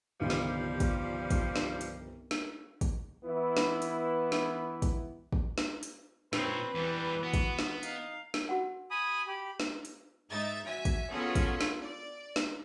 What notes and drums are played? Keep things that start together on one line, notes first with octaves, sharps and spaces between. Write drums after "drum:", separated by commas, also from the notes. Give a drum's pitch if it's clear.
G1 C2 D#3 F3 G3
drum: snare
drum: kick, hi-hat
drum: kick, hi-hat
drum: snare
drum: hi-hat
drum: snare
drum: kick, hi-hat
E3 B3 E4
drum: snare
drum: hi-hat
drum: snare
drum: kick, hi-hat
drum: kick
drum: snare
drum: hi-hat
A#2 C4 B4 C#5, drum: snare
E2 E3 G3
B3 F#4
drum: kick, hi-hat
drum: snare
D#4 F5, drum: hi-hat
drum: snare
F#4 F#5
G#5 B5 D#6
G4 B5
drum: snare
drum: hi-hat
G#2 D#4 E5 A6
F#4 E5 G#5 B6
drum: kick, hi-hat
B3 C#4 F4 F#4 G#4 A4
drum: kick, hi-hat
drum: snare
D5
drum: snare